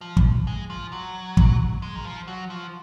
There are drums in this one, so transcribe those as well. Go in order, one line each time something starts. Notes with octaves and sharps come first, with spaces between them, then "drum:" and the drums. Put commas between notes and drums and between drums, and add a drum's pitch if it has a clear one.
F3
drum: kick
G#3
F3
F#3
drum: kick
G#3
D#3
F3
F#3
F3